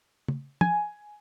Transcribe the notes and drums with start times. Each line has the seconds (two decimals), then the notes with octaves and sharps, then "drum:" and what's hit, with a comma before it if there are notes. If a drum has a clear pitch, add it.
0.28 drum: tom
0.61 G#5, drum: tom